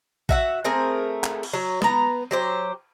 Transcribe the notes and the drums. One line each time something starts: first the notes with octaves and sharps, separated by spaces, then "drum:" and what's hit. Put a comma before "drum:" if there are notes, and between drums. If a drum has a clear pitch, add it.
F#4 E5 F#5, drum: kick A#1
A3 C4 G#4 A#4
drum: clap
drum: cymbal
F#3
B3 A#5, drum: snare
F#3 G4 C5